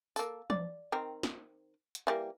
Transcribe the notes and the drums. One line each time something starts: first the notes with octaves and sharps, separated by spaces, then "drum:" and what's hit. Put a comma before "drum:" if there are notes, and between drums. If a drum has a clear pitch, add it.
A#3 A4, drum: tambourine
D5, drum: tom E3
D#3 C4 A#4
drum: snare
drum: hi-hat
E3 G3 A#3